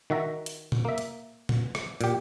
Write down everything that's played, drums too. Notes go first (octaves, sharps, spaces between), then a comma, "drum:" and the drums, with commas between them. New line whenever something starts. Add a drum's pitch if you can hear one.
D#3 F#4 E5 A#5
drum: hi-hat
drum: tom A#2
A#3 E5
drum: hi-hat
drum: tom A#2
drum: rim click
A#2 G4, drum: hi-hat